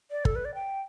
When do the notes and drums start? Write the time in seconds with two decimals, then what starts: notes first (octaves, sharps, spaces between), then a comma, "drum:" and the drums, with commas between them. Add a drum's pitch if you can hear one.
0.11 D5
0.25 A4, drum: kick
0.35 B4
0.45 D5
0.54 G5